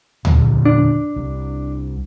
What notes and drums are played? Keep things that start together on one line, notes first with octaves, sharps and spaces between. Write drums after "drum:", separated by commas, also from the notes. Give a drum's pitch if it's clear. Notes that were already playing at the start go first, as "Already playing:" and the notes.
E2 A#2 D3, drum: tom D2
D4
C2